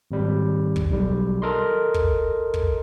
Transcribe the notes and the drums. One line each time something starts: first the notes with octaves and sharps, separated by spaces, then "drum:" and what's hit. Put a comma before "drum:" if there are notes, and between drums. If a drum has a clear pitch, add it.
G#1 G3
drum: kick
B1 G3
A4 A#4 D#5 C6
drum: kick
drum: kick